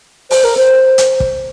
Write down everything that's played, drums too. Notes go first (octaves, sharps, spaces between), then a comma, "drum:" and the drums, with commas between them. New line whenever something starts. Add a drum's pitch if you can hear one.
C5, drum: open hi-hat
A#4
C5
drum: hi-hat
drum: kick